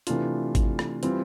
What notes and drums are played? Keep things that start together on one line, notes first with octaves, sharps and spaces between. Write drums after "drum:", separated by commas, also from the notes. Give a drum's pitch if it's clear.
C3 E3 A3 D4 F4, drum: hi-hat
drum: kick G#1, hi-hat
drum: rim click
E3 G3 C4 F4, drum: hi-hat